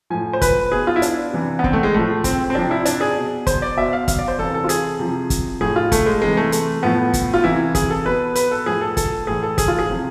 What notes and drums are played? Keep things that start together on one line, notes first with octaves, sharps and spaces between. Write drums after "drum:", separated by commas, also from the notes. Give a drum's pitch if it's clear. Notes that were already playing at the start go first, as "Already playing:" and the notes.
A2 F3 G#5
C5
B4, drum: kick, hi-hat
B2 G#4
F4
E4
D4, drum: hi-hat
C3 E3
B3
C4, drum: kick
A3
G#3
A2 F3 A3
C4, drum: kick, hi-hat
C4
C3 F3 D4
E4
D4, drum: hi-hat
G#4
B2
C5, drum: kick, hi-hat
D5
B2 E5
F5
F5, drum: kick, hi-hat
D5
C5
C3 E3 A4
A4
F4
G#4, drum: hi-hat
C3 F3
drum: kick, hi-hat
A2 F3 G#4
F4
A3, drum: kick, hi-hat
G#3
C3 E3 G#3
A3
A3, drum: hi-hat
A2 F3 B3
drum: kick, hi-hat
F4
C3 E3 E4
G#4, drum: kick, hi-hat
A4
B2 B4
B4, drum: hi-hat
A4
A2 F3 G#4
A4
A4, drum: kick, hi-hat
A2 E3 G#4
A4
G#4, drum: kick, hi-hat
F4
G#4
C3 F3